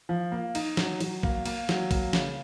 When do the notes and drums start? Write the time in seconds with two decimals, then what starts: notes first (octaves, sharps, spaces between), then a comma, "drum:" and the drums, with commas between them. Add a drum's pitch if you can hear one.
0.09 F3
0.32 A#3
0.55 D#4, drum: cymbal
0.77 F#3, drum: snare
1.00 F#3, drum: cymbal
1.23 A#3, drum: kick
1.46 A#3, drum: cymbal
1.69 F#3, drum: snare
1.91 A#3, drum: kick, cymbal
2.13 C#3, drum: snare